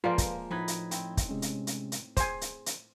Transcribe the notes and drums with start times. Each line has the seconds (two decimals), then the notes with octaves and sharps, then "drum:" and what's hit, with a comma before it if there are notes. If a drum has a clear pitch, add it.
0.04 F3 G#3 A#3 F4 A4 B4 D5
0.18 drum: kick, hi-hat
0.51 A2 F3 D#4 B4 B5 G#6
0.68 drum: hi-hat
0.91 C4, drum: hi-hat
1.17 drum: kick, hi-hat
1.29 C3 G#3 C#4
1.42 drum: hi-hat
1.67 drum: hi-hat
1.92 drum: hi-hat
2.17 G#4 C5 G#5, drum: kick, hi-hat
2.41 drum: hi-hat
2.66 drum: hi-hat